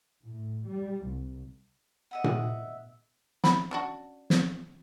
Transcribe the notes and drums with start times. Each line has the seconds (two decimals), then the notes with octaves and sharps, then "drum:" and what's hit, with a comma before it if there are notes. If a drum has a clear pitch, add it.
0.24 A2
0.67 G3
1.05 C2
2.11 D#5 E5 F#5
2.24 drum: tom A#2
3.44 E4 B5, drum: snare
3.71 C#4 D4 F#4
4.30 drum: snare